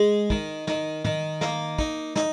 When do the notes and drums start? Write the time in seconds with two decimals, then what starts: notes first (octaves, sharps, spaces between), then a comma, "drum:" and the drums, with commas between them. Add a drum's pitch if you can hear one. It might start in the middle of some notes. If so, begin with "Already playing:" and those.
Already playing: G#3
0.30 D#3, drum: kick
0.67 D#3, drum: snare
1.05 D#3, drum: tom
1.41 A#3, drum: snare
1.79 D#4, drum: kick
2.16 D#4, drum: snare